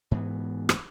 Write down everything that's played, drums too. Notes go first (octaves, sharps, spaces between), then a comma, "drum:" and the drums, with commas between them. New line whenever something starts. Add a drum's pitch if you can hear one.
G#2 E3 B3
drum: rim click